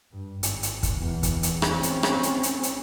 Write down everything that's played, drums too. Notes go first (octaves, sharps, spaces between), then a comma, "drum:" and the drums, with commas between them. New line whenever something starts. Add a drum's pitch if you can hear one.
G2
G#1, drum: hi-hat
drum: hi-hat
drum: kick, hi-hat
E2
drum: kick, hi-hat
drum: hi-hat
C4 C#4, drum: rim click
drum: hi-hat
drum: rim click
drum: hi-hat
drum: hi-hat
drum: hi-hat